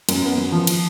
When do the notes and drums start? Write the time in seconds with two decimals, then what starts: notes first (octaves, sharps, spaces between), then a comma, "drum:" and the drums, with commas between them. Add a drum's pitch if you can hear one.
0.09 F#2, drum: cymbal
0.23 B3
0.38 F#2
0.52 F3
0.67 drum: cymbal